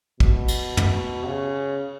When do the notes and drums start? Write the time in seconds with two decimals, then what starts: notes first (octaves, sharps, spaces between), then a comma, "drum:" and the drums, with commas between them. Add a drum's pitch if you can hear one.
0.20 B2, drum: kick
0.48 drum: cymbal
0.77 drum: tom
1.26 C#3